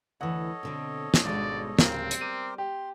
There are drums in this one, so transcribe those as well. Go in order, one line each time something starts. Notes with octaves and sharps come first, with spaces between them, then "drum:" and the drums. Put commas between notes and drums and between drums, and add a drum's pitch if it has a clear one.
D2 E3 A4 C#5 D#5 F#5
B2 D3 C4
drum: snare
G#1 B2 G3 G#3 D4 D5
D1 C#3 G3 C4 A#4, drum: snare
drum: hi-hat
G4 A#4 C5 D#7
G4 C6